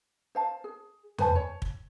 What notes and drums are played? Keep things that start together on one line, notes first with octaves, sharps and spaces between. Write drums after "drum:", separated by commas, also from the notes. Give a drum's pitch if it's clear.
C5 F5 A5
G#4
B4 C5 G#5 A5, drum: tom E2
C#5
drum: kick